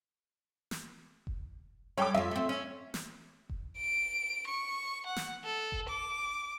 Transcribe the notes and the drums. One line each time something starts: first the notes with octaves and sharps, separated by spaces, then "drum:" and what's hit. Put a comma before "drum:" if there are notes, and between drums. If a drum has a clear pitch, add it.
drum: snare
drum: kick F1
G3 G4 A4 C#5 G5 D6
F2 F4 E5
A3 C4
C#4
drum: snare
drum: kick F1
D7
C#6
F#5
drum: snare
A4
drum: kick F1
D6